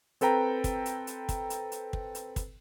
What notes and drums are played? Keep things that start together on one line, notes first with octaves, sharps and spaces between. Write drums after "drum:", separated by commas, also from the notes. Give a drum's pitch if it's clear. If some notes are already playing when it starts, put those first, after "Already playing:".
C4 A4 B4 G5 A#5, drum: hi-hat
drum: kick, hi-hat
drum: hi-hat
drum: hi-hat
drum: kick, hi-hat
drum: hi-hat
drum: hi-hat
drum: kick
drum: hi-hat
drum: kick, hi-hat